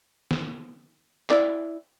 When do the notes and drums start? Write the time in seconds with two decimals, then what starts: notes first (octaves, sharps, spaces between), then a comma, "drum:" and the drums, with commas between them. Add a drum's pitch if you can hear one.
0.31 drum: snare
1.30 E4 D5, drum: clap